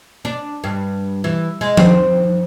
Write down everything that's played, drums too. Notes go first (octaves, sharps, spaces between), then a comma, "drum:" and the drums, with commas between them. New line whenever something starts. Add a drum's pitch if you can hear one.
D4
G2
E3
G#3
C4, drum: tom F3